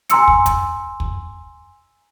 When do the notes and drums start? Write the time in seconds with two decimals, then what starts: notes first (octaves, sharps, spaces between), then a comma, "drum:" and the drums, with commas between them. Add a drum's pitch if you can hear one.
0.10 G#5 A#5 C6 E6 C#7, drum: hi-hat
0.28 drum: kick
0.46 drum: kick, hi-hat
1.00 drum: kick